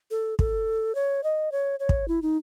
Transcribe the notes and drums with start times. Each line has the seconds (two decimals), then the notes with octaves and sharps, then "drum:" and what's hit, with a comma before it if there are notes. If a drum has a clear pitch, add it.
0.11 A4
0.39 A4, drum: kick
0.95 C#5
1.24 D#5
1.52 C#5
1.80 C#5
1.89 drum: kick
2.08 E4
2.22 D#4